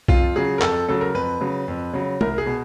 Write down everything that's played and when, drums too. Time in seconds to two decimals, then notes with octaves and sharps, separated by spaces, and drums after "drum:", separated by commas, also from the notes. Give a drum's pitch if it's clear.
0.08 F2 F4, drum: kick B1
0.36 C#3 F#3 G#4
0.58 A#4
0.61 F2 A4, drum: clap
0.88 C#3 F#3 A4
1.01 A#4
1.14 F2 B4
1.41 C#3 F#3
1.68 F2
1.93 C#3 F#3
2.21 C2 A#4, drum: tom
2.38 G#4
2.46 B2